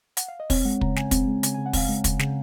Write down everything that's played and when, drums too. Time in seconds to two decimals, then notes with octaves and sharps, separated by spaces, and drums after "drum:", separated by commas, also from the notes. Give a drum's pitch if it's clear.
0.17 F#5, drum: hi-hat
0.28 F5
0.40 D#5
0.50 C4 C#5, drum: kick, open hi-hat
0.65 G#3 F#5
0.81 C#3 A#5, drum: kick
0.96 C#3 G#5, drum: snare
1.11 C4, drum: kick, hi-hat
1.27 G#3
1.43 C#3 G#5, drum: hi-hat
1.54 C#3 G#5
1.66 F#5
1.73 C4 F5, drum: kick, open hi-hat
1.89 G#3
2.04 C#3, drum: kick, hi-hat
2.19 C#3, drum: snare